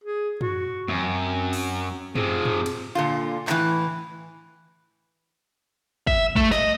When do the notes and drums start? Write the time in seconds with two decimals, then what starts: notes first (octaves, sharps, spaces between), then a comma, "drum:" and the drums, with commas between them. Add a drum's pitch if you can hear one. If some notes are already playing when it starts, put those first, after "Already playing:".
0.04 G#4
0.41 F#4, drum: tom
0.89 F#2 C4, drum: tom
1.53 drum: open hi-hat
2.16 C3 F3 G#4, drum: tom
2.45 drum: tom
2.66 drum: cymbal
2.95 A#2 D3 F4
3.47 A2 E3, drum: clap
6.07 E5, drum: kick
6.36 A3, drum: kick
6.52 D#5, drum: snare